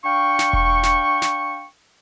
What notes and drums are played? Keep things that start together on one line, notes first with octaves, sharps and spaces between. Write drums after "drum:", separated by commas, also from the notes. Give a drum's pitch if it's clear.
D4 F5 G5 C#6
drum: snare
drum: kick E1
drum: snare
drum: snare